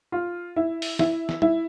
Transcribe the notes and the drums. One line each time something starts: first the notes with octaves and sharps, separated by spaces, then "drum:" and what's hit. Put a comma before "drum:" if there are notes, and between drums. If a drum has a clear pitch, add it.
F4
E4
drum: open hi-hat
E4, drum: snare
drum: snare
E4, drum: tom